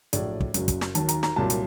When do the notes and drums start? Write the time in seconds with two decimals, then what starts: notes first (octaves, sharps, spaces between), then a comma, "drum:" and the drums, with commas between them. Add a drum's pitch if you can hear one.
0.13 A#1 A2 F#3 D5, drum: hi-hat
0.40 drum: kick
0.54 F#1 F#2 F#3, drum: hi-hat
0.68 drum: kick, hi-hat
0.81 drum: snare
0.95 D#2 D#3 F#3 A5, drum: hi-hat
1.09 A#5, drum: hi-hat
1.23 A#5, drum: snare
1.36 C2 A#2 F#3 A5
1.50 drum: hi-hat